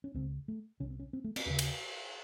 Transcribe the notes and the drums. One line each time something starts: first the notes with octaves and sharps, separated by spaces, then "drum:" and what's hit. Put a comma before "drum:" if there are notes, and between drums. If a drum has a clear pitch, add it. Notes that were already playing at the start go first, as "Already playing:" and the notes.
C#4
C#2 C#3 C4
A3
C2 C3 C#4
C4
C#4
C4
A3
C4, drum: cymbal
D#2 C#3 C#4
drum: cymbal